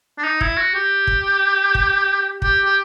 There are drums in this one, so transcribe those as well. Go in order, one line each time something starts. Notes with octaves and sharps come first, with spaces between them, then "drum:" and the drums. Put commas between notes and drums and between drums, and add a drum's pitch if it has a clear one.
D4
D#4
E4, drum: kick
F#4
G4
drum: kick
drum: kick
G4, drum: kick
G4